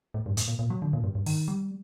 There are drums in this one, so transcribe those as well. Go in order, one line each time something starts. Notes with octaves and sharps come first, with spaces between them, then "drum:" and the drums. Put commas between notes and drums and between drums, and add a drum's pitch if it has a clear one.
A2
G2
A2, drum: hi-hat
A#2
A#2
F#3
D3
A#2
G2
G2
D#3, drum: open hi-hat
G3